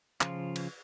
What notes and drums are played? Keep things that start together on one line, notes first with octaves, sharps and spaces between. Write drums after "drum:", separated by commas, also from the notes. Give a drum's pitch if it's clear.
C#3 F3 F4, drum: clap
drum: cymbal